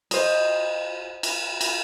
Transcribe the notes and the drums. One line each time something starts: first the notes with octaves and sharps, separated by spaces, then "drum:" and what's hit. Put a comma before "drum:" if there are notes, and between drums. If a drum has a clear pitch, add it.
C5 D#5, drum: cymbal
drum: cymbal
drum: cymbal